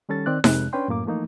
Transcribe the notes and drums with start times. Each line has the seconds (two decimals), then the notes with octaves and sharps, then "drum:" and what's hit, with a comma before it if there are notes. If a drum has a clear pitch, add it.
0.09 D#3 G3 C#4 A4 A6
0.26 D#3 C4 D5 F#6
0.44 F2 C3 G#3 F#6, drum: snare D#4
0.73 C#4 D4 B4 C#5 G5 C6
0.88 F#2 A2 A#3 D6
1.05 E3 F3 A3 A#3 D#4